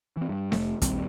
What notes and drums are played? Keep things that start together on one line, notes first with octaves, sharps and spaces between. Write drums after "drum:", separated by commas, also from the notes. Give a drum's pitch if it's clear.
E3 C4
G2
F1 A3, drum: snare C4
A#1 D#2 G3 C4, drum: kick, hi-hat